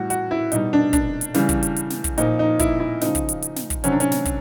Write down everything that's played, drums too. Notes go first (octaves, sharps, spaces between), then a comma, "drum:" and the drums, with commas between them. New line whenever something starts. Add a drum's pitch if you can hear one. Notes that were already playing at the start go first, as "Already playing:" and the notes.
Already playing: A2 E3 G3 F#4
F#4, drum: hi-hat
E4
B2 G3 D#4, drum: hi-hat
D4
D4, drum: kick, hi-hat
drum: hi-hat
C#3 E3 G3, drum: snare
drum: kick, hi-hat
drum: hi-hat
drum: hi-hat
drum: snare
drum: kick, hi-hat
A#2 F3 D#4, drum: hi-hat
D#4
E4, drum: kick, hi-hat
E4
C#3 F3 D#4, drum: snare
drum: kick, hi-hat
drum: hi-hat
drum: hi-hat
drum: snare
drum: kick, hi-hat
C3 D#3 F#3 C#4, drum: hi-hat
D4
C#4, drum: hi-hat
drum: snare
drum: kick, hi-hat